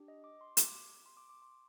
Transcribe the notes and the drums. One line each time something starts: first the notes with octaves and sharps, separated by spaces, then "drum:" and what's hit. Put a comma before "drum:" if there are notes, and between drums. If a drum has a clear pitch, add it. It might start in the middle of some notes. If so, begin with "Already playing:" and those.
Already playing: D4 G4
D#5
D6
C6
D6, drum: hi-hat
C6
D6
D6
C6